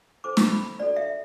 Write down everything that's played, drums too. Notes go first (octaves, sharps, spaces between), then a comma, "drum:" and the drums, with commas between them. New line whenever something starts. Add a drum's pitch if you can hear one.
D4 A4 C5 D6
drum: snare
B5
D4 F#4 A4 D5
E5